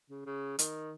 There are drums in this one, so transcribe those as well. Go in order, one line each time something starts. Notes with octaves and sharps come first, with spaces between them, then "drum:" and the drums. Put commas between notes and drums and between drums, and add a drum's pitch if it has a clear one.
C#3
C#3
D#3, drum: hi-hat